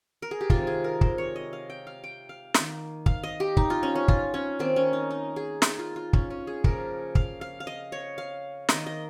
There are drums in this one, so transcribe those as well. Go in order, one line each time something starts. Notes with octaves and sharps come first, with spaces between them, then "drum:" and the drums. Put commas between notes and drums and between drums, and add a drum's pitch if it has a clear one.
A#4
G#4
G4
C3 D#3 G#3 F4, drum: kick
G#4
A#4
C5, drum: kick
C#5
D#5
F5
G5
F5
G5
F5
D#3 A#3, drum: snare
F5, drum: kick
D#5
G4
D#4, drum: kick
F4
C#4
C#4
F4, drum: kick
C#4
D#3 A#3 C4
C#4
D#4
D#4
G#4
D#4, drum: snare
F4
F4
C#4, drum: kick
C#4
G#4
C#3 F3 A#3 A#4, drum: kick
F5, drum: kick
F5
F5
D#5
C#5
F5
D#3 A#3 D#5, drum: snare
D#5